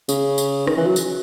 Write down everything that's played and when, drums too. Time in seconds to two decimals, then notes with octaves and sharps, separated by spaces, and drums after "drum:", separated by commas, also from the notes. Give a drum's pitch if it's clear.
0.09 C#3, drum: tambourine
0.38 drum: tambourine
0.67 D#3, drum: rim click
0.77 E3
0.86 F#3
0.96 drum: tambourine